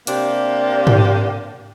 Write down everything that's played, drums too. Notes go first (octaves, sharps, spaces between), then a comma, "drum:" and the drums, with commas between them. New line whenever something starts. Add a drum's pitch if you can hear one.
C3 A#3 D4 G4, drum: hi-hat
drum: tom G#2